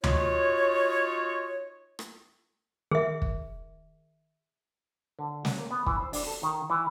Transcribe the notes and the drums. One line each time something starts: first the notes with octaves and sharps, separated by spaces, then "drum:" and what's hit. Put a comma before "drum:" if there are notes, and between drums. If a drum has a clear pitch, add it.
D#4 F4 F#4 C#5, drum: tom D2
drum: rim click
D#3 G#4 E5
drum: kick
D3
D#5, drum: snare
A#3
B3
E3, drum: kick
C5
D4, drum: open hi-hat
A4
D#3
E3